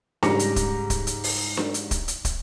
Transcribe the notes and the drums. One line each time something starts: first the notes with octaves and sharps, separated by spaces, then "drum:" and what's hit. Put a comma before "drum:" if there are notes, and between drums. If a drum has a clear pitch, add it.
G#2 C#3 G3 A#5 D6 C#7, drum: snare D4
drum: hi-hat
drum: kick, hi-hat
drum: kick, hi-hat
drum: hi-hat
drum: open hi-hat
drum: snare D4
drum: hi-hat
drum: kick, hi-hat
drum: hi-hat
drum: kick, hi-hat